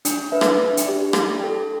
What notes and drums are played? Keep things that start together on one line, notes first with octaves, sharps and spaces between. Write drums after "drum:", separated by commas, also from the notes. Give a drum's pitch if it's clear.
D4, drum: hi-hat
B4 E5
drum: rim click
D4
drum: hi-hat
G4 D5
D4, drum: rim click
A4 G5